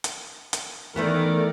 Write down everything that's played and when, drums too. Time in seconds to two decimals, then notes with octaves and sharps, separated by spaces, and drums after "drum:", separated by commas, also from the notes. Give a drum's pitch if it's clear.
0.04 drum: hi-hat
0.53 drum: hi-hat
0.96 D#3 E3 A3 B3 A#4 D5